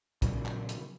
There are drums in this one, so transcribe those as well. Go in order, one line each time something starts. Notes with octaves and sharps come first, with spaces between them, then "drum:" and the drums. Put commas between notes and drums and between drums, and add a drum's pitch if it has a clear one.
A#2 C#3 E3 F#3, drum: kick, hi-hat
drum: clap
drum: hi-hat